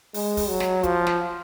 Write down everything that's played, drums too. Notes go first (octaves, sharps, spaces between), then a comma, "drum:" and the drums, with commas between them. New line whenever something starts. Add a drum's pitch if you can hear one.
G#3, drum: open hi-hat
drum: kick, open hi-hat
F#3
drum: snare
F3, drum: kick, hi-hat
drum: snare